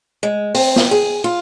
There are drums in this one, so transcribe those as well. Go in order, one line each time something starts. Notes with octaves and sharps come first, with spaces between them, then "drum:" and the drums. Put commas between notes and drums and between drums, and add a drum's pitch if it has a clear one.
G#3
C4, drum: open hi-hat
drum: snare
G#4
F4